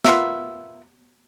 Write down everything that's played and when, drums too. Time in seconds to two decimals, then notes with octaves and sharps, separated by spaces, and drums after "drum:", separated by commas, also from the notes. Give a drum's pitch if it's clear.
0.04 B3 F4 A#4 E5, drum: snare